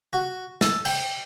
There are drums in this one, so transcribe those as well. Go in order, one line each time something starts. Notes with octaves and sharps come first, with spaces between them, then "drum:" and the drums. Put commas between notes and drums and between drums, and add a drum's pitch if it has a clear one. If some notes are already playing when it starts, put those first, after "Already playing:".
F#4
A4, drum: snare
G5, drum: cymbal